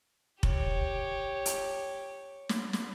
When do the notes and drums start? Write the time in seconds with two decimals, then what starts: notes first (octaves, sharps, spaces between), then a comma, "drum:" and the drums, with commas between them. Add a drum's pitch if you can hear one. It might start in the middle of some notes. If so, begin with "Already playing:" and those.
0.43 G4 C#5, drum: kick F1
1.46 drum: hi-hat
2.49 drum: snare
2.73 drum: snare